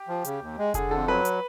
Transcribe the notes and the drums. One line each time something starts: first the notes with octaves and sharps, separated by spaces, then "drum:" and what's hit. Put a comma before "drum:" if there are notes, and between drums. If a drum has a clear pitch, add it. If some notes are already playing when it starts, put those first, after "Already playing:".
Already playing: G4
F3
C#3, drum: hi-hat
D#2
G#3
D3 G#4, drum: kick F1, hi-hat
F2 A4
F#3 B4
drum: hi-hat